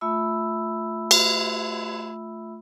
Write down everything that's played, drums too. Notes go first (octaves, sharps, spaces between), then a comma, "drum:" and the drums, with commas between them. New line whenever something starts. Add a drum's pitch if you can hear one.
A3 F4 E5 B5 E6
drum: cymbal